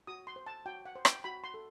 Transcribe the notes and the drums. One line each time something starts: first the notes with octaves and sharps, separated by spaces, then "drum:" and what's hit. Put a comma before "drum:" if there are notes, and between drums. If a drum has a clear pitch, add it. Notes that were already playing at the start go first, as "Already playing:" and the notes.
F#4 D#6
C6
C5
A5
F#4 G5
F#5
C5
G5, drum: rim click
F#4 B5
C6
A4